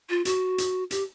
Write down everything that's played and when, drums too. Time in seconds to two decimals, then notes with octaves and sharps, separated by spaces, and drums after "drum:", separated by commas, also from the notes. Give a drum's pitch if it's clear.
0.10 F4
0.25 F#4, drum: hi-hat
0.58 drum: hi-hat
0.91 G4, drum: hi-hat